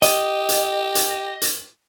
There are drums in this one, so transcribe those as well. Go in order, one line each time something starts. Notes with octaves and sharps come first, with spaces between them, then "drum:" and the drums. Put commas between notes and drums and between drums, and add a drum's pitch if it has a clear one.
G4 D#5, drum: hi-hat
drum: hi-hat
drum: hi-hat
drum: hi-hat